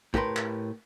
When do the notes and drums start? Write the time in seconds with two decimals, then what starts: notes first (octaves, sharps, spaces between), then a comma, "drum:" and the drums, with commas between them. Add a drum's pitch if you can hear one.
0.14 A2 G4 A#4 B4 C6, drum: kick
0.36 drum: clap